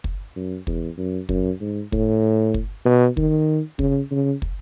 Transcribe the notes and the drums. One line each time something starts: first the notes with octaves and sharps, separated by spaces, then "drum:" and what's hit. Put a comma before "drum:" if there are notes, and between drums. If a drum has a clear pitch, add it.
drum: kick
F#2
E2, drum: kick
F#2
F#2, drum: kick
G#2
A2, drum: kick
drum: kick
B2
D#3, drum: kick
C#3, drum: kick
C#3
drum: kick